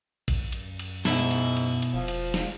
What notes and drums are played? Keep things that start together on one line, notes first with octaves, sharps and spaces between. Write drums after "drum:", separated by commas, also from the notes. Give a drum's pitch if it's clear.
drum: kick A1, cymbal
F#2, drum: cymbal
drum: cymbal
G#2 B2 E4, drum: snare
drum: cymbal
drum: cymbal
drum: cymbal
E1 F3
drum: cymbal
drum: snare